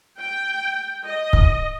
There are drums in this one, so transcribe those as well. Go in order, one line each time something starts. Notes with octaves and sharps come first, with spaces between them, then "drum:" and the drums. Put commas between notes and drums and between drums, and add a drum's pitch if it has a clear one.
G5
D#5
drum: kick